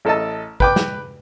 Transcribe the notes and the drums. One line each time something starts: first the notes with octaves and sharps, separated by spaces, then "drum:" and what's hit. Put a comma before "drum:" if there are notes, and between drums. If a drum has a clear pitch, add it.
A1 A4 D#5 A5
B4 G5 D6, drum: kick
drum: snare